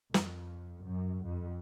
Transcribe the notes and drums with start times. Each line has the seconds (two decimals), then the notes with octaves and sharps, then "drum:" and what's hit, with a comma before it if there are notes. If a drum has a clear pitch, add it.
0.14 F2, drum: snare
0.85 F#2
1.26 F2